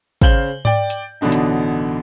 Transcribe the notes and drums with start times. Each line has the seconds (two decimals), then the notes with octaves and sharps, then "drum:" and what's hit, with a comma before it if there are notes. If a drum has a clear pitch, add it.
0.22 C#3 C5 F5 G6 F#7 G7, drum: kick
0.65 D5 G5, drum: tom G#2
0.90 drum: hi-hat
1.21 A1 B2 D3 D4 D#4
1.32 drum: hi-hat